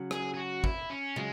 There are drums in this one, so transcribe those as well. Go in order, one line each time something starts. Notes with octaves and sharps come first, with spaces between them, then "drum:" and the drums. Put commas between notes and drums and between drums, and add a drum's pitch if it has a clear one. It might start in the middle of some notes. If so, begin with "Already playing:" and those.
Already playing: C#3 F#3
G#4, drum: rim click
G#4
F#4
E4, drum: kick
C#4
C#3 F#3 G#3